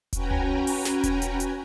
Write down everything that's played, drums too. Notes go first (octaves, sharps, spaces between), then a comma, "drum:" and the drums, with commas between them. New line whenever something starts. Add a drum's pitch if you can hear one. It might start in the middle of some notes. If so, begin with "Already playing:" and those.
C#4 F#4 B4 G5 G#5 A#5, drum: kick E1, hi-hat
drum: tom C#2
drum: open hi-hat
drum: snare
drum: kick E1, hi-hat
drum: hi-hat
drum: hi-hat